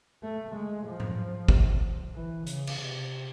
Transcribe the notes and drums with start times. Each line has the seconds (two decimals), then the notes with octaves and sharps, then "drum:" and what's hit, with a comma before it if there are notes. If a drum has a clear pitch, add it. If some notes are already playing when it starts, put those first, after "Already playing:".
0.23 A3
0.55 G#3
0.87 F3
1.00 drum: tom G#2
1.49 drum: kick
2.15 E3
2.47 C#3, drum: hi-hat
2.67 drum: cymbal
2.79 C3